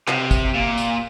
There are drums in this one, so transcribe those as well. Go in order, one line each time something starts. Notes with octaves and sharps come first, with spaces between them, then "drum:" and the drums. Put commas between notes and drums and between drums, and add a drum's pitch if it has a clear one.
C3, drum: clap
drum: kick, tambourine
A#2
drum: tambourine